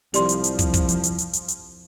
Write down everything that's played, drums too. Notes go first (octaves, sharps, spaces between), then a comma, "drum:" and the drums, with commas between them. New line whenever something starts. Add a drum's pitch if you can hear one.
C2 F3 G4 D5 C6, drum: hi-hat
drum: hi-hat
drum: hi-hat
drum: kick, hi-hat
drum: kick, hi-hat
drum: hi-hat
drum: hi-hat
drum: hi-hat
drum: hi-hat
drum: hi-hat